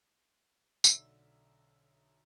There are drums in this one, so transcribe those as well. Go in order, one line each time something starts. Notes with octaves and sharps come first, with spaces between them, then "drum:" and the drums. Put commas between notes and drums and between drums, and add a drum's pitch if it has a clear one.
B1 D3 E5 E6, drum: tambourine